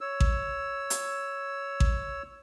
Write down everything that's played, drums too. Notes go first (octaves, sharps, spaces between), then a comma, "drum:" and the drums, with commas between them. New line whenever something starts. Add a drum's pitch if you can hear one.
C#5 E6
drum: kick A1
drum: hi-hat
drum: kick A1